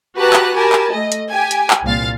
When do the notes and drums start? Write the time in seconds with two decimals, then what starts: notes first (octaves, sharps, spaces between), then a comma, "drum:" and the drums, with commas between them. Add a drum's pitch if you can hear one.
0.17 F#4 G4 B4 A5 A#5 F#6
0.33 drum: clap
0.55 G4 A#4 G#5 A5 B5
0.72 drum: clap
0.92 A3 D#5
1.12 drum: hi-hat
1.31 G4 G#5
1.51 drum: hi-hat
1.70 drum: clap
1.84 C2 A#2 F5 A6